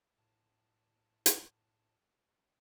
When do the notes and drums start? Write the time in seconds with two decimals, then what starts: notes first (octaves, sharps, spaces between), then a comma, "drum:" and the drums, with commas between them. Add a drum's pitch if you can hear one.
0.18 A2 A5
1.26 drum: hi-hat